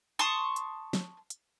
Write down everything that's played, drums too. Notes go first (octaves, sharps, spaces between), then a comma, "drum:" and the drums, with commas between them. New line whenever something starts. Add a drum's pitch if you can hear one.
A5 C6 C#6 D#6
drum: hi-hat
drum: snare
drum: hi-hat